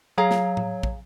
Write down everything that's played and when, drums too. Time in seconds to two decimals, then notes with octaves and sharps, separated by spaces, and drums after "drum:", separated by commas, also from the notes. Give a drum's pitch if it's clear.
0.18 F#3 G#4 F5 A#5
0.31 drum: snare
0.57 drum: tom A2
0.83 drum: kick